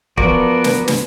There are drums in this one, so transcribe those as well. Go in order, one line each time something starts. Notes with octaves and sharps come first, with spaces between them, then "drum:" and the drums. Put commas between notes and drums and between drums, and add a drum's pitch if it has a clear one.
F3 B3 F#4 A#4 D5, drum: kick
drum: snare
drum: snare